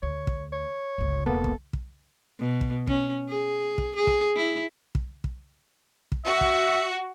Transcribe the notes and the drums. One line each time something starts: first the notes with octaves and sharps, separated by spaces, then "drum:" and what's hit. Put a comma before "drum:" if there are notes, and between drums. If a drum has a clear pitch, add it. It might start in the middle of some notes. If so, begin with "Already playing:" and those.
D2 C#5
drum: kick
C#5
G1 C#2
E1 A#3 B3 A4
drum: kick
drum: kick
B2
drum: kick
C#4, drum: kick
G#4
drum: kick
G#4
drum: kick
E4
drum: kick
drum: kick
drum: kick
F#4 E5
drum: kick